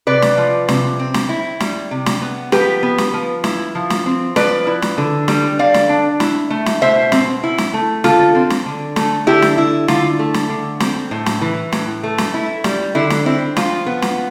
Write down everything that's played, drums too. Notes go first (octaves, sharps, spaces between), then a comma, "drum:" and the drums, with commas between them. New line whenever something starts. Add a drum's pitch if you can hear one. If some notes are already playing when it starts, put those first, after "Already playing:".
C3 B4 D5
drum: snare
F3
C3, drum: snare
C4
drum: snare
E4
G3, drum: snare
C3
drum: snare
B3
F3 G4 B4, drum: snare
B3
drum: snare
F3
E4, drum: snare
F3
drum: snare
C4
F3 B4 D5, drum: snare
E4
drum: snare
D3
G3, drum: snare
D3 D5 F5
drum: snare
D4
E4, drum: snare
A3
drum: snare
B2 C5 E5
C4, drum: snare
E4
drum: snare
A3
D3 F4 A4, drum: snare
C4
drum: snare
D3
A3, drum: snare
D3 E4 G4
drum: snare
E4
D3 F4, drum: snare
A3
drum: snare
D3
C4, drum: snare
A2
drum: snare
E3
A2, drum: snare
A3
drum: snare
E4
G3, drum: snare
D3 E4
drum: snare
C4 E4
F3 F4, drum: snare
B3
drum: snare